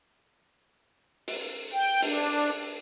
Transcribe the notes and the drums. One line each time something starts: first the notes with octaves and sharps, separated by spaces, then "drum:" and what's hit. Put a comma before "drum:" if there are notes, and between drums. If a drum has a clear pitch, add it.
drum: open hi-hat
G5
D4, drum: open hi-hat